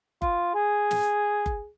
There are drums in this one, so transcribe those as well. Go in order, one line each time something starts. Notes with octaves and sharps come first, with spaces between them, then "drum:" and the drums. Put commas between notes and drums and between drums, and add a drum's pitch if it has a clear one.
F4, drum: kick F#1
G#4
drum: snare
drum: kick F#1